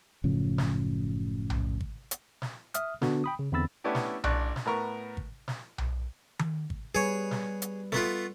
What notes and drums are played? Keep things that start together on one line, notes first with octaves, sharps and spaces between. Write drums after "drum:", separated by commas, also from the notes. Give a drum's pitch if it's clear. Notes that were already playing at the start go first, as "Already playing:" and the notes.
F#1 A2 C#3 F3
drum: snare
drum: tom B1
drum: kick
drum: hi-hat
drum: snare
E5 D#6 F6, drum: hi-hat
D3 B3 D4 F#4, drum: snare
G5 B5 D#6
C#3
E2 D3 C4 B5 E6 A6
A3 B3 C#4 D4 E4 G4
drum: snare
A1 D4 C#6 F#6, drum: tom B1
drum: snare
A2 B3 A#4 C#6
drum: kick
drum: snare
drum: tom B1
drum: tom D#3
drum: kick
G3 G#4 B4 C#5
drum: snare
drum: hi-hat
A3 B3 F4, drum: snare